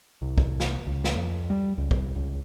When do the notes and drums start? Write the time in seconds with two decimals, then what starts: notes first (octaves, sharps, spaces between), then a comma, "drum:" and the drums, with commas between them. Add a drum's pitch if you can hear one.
0.22 C2
0.38 drum: kick
0.60 drum: snare
0.87 C#2
1.04 drum: snare
1.16 F2
1.50 G3
1.78 C#2
1.91 C2, drum: kick
2.16 C#2